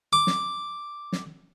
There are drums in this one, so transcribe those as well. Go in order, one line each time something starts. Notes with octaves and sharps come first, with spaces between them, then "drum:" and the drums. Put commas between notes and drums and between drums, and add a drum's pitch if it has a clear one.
D6
drum: snare
drum: snare